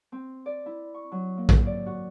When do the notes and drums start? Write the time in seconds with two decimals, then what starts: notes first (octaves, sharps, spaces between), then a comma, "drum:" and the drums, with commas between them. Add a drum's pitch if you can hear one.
0.12 C4
0.46 D5
0.66 E4
0.94 C#6
1.12 F#3
1.37 A#3
1.49 drum: kick
1.66 D5
1.86 F#4